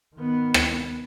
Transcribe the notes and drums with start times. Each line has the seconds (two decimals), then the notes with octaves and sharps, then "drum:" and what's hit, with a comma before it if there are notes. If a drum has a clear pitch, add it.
0.16 D#3 B3
0.54 drum: rim click